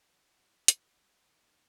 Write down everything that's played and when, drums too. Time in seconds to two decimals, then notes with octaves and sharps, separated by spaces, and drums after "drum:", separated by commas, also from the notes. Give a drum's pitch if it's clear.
0.10 D3 E3 E4 F5 F#5
0.68 drum: hi-hat
1.35 F3 A#3 D#4 B4